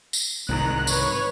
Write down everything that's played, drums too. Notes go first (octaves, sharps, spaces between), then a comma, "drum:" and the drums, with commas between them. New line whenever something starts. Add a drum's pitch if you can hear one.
drum: tambourine
C2 G#2 D#3 A#5 F#6
B4 C#5, drum: tambourine